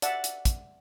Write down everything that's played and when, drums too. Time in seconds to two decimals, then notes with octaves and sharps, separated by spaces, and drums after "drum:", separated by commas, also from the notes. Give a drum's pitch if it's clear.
0.02 D5 E5 F#5 A5, drum: hi-hat
0.24 drum: hi-hat
0.45 drum: kick, hi-hat